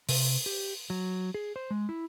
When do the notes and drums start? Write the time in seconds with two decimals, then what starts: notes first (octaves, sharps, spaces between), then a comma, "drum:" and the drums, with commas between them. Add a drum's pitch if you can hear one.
0.09 C3, drum: open hi-hat
0.46 G4
0.90 F#3
1.34 G#4
1.56 C5
1.71 G#3
1.89 E4